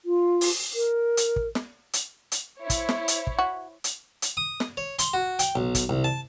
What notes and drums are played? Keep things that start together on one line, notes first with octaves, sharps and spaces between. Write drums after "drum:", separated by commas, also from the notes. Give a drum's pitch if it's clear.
F4
drum: open hi-hat
A#4
drum: hi-hat
drum: kick
drum: snare
drum: hi-hat
drum: hi-hat
E4 C5 C#5
drum: kick, hi-hat
drum: snare
drum: hi-hat
drum: kick
F#4
drum: hi-hat
drum: hi-hat
D#6
drum: snare
C#5
C6, drum: hi-hat
F#4
G5, drum: hi-hat
B1
drum: kick, hi-hat
C2
A5